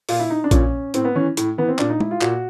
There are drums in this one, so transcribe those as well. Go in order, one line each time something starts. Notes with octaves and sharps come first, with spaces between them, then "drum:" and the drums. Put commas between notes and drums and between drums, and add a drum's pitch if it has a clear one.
A#2 F4, drum: open hi-hat
E4
D#4
D4
A#2 C#4, drum: kick A#1, hi-hat
A2 C4, drum: hi-hat
B3
E3 C#4
A2, drum: hi-hat
E3 B3
C4
A#2 D4, drum: clap
D#4
E4, drum: tom G#3
F4
A#2 F#4, drum: clap